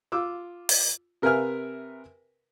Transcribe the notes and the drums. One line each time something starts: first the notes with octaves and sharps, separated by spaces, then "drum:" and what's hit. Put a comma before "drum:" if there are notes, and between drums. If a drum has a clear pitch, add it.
F4 D6 E6
drum: open hi-hat
C3 A#4 B4 E5 G#5 F6